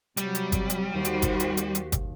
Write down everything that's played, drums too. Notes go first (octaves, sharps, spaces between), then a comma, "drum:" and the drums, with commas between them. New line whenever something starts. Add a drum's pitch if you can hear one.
C3 F#3 G3, drum: hi-hat
drum: hi-hat
drum: kick G1, hi-hat
drum: hi-hat
D#2 F#4 G4 C5
drum: hi-hat
drum: kick G1, hi-hat
drum: hi-hat
drum: hi-hat
drum: hi-hat
drum: kick G1, hi-hat